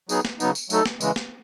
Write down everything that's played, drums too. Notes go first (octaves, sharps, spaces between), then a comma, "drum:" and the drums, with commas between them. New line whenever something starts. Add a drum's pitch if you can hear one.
F#3 B3 D#4 G#4, drum: tambourine
drum: snare
C#3 F#3 B3 D#4, drum: tambourine
drum: tambourine
F#3 A3 D#4 A4, drum: tambourine
drum: snare
C#3 E3 G#3, drum: tambourine
drum: snare